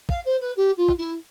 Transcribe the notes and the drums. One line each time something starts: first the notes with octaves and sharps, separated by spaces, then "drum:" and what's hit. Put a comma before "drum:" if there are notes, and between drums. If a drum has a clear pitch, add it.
F5, drum: kick
C5
B4
G4
F4
drum: kick
E4